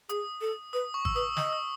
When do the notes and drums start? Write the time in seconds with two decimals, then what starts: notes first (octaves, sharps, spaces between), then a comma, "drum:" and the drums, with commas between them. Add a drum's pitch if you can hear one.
0.09 G#4 D#6, drum: hi-hat
0.41 A4
0.73 B4 D#6
0.94 C#6
1.05 E6, drum: kick G#1
1.15 B4 D#6
1.37 D#5 D#6, drum: snare
1.53 E6